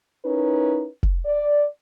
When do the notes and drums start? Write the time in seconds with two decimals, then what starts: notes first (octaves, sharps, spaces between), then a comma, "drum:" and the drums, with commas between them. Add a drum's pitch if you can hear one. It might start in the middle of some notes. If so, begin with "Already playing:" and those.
0.25 C#4 D#4 E4 A#4 B4
1.03 drum: kick
1.25 D5